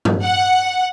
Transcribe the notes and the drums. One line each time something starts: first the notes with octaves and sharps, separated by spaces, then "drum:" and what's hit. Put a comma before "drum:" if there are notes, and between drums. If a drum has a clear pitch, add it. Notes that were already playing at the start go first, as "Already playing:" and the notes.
drum: tom
F#5